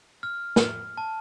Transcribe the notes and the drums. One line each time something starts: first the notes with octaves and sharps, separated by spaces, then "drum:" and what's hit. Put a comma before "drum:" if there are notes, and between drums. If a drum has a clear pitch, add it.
F6
drum: snare
A5